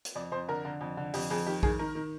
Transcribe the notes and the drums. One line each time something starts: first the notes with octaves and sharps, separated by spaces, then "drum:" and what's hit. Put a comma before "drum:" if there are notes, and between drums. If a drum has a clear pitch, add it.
drum: hi-hat
F2 D5
F2 C5
D3 A#4
D3
F2
D3
F2 G4, drum: open hi-hat
F2 G#4
D#3 G4
D#3 G#4, drum: kick A#1
D#3 A#4
D#3